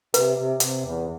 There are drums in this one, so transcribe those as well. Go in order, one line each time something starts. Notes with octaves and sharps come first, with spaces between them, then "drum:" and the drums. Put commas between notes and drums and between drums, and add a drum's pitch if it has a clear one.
C3 B4, drum: hi-hat
C3
C3, drum: hi-hat
E2